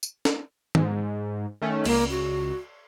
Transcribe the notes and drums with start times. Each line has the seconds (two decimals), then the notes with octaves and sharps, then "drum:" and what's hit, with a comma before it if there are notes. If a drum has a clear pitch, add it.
0.03 drum: tambourine
0.25 drum: snare
0.75 G#2, drum: tom
1.62 D#3 A3 C#4
1.85 C#2 A#3, drum: cymbal
2.10 F#4